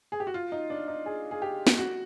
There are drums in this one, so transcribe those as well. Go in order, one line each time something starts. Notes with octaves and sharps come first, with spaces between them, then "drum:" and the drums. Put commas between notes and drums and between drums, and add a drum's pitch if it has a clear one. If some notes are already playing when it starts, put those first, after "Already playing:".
G#4
G4
F#4
F4
D#4
D4
D#4
G#4
G#4
G4
drum: snare
F#4